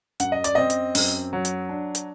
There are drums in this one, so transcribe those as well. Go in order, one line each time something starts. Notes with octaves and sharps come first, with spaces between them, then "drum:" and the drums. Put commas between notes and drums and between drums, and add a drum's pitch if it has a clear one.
F#2 F#5, drum: hi-hat
D#5
D5, drum: hi-hat
C4 D#5
drum: hi-hat
F#2, drum: open hi-hat
F#3
drum: hi-hat
D4
drum: hi-hat